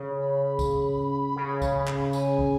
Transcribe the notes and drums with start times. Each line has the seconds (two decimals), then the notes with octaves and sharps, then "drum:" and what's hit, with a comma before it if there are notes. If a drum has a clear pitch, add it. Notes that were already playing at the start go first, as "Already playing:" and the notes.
Already playing: C#3
0.21 B5
0.59 drum: kick, tambourine
1.36 C#3
1.62 drum: kick, tambourine
1.87 drum: clap
2.13 G#5, drum: tambourine
2.39 drum: kick